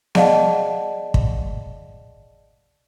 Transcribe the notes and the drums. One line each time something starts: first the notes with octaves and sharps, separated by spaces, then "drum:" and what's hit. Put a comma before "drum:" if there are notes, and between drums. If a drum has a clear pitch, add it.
G#4 D5 D#5 F5 F#5 A5, drum: snare B3
drum: kick